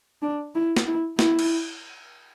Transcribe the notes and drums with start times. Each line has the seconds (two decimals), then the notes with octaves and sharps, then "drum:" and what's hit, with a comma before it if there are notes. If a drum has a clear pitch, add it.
0.22 D4
0.55 E4
0.77 drum: snare
0.87 E4
1.19 E4, drum: snare
1.39 drum: cymbal